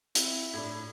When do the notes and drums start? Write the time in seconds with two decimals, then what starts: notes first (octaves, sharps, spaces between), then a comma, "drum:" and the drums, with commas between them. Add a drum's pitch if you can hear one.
0.15 C4 E4, drum: hi-hat
0.54 A2 D4 B5 G#6